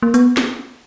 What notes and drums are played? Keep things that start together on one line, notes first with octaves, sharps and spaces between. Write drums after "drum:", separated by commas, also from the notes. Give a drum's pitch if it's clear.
A#3
B3, drum: hi-hat
drum: snare